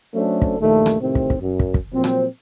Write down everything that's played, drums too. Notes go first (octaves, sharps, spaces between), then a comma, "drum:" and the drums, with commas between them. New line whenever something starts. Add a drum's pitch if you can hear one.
F#3 A3 C#4 D4 A4 C5
drum: kick
A#1 D#2 A#2 D#3 A3
drum: rim click
A2 C3 D#3 C4
drum: kick
drum: kick
F#2
drum: kick
drum: kick
A#2 F3 F#3 C4
drum: rim click